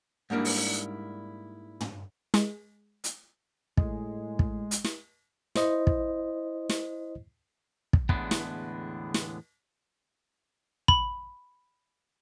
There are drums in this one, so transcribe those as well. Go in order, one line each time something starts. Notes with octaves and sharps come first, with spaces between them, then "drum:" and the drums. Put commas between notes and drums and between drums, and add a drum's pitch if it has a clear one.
G#2 G3 A#3 D4 E4
drum: open hi-hat
drum: tom
G#3, drum: snare
drum: hi-hat
A2 G#3, drum: kick
drum: kick
drum: hi-hat
drum: snare
E4 C5 D#5, drum: snare
drum: kick
drum: snare
drum: kick
E2 A2 D3 G#3 B3 D4, drum: kick
drum: snare
drum: snare
B5, drum: kick